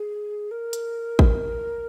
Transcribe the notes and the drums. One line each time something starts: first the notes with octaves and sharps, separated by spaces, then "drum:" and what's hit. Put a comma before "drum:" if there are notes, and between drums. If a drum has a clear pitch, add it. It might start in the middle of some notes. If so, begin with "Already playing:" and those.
Already playing: G#4
A#4
drum: hi-hat
drum: kick